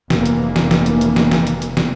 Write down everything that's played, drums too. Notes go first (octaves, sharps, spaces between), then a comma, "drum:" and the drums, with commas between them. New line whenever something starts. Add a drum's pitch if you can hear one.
F1 E3 A#3, drum: snare
drum: hi-hat
drum: snare
drum: snare
drum: hi-hat
drum: hi-hat
drum: snare
drum: snare
drum: hi-hat
drum: hi-hat
drum: snare